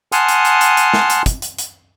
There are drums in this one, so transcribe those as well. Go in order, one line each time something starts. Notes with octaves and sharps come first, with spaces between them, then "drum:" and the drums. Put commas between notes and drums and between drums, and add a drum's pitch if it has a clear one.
F#5 G#5 A5 C6 D#6 F6, drum: hi-hat
drum: hi-hat
drum: hi-hat
drum: hi-hat
drum: hi-hat
drum: snare
drum: hi-hat
drum: kick, hi-hat
drum: hi-hat
drum: hi-hat